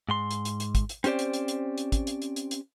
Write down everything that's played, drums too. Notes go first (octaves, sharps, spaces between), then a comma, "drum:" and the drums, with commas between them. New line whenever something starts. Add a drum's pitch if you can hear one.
G#2 C6
drum: hi-hat
drum: hi-hat
drum: hi-hat
drum: kick, hi-hat
drum: hi-hat
C4 C#4 G4 C5 D5, drum: hi-hat
drum: hi-hat
drum: hi-hat
drum: hi-hat
drum: hi-hat
drum: kick, hi-hat
drum: hi-hat
drum: hi-hat
drum: hi-hat
drum: hi-hat